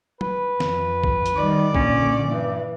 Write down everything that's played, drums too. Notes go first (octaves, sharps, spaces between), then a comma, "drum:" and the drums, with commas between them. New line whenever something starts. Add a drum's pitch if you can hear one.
B4, drum: tom
F2, drum: snare
drum: kick B1
drum: hi-hat
D#3 G3 D5
A#2 D3 C#4, drum: kick B1
G2 E3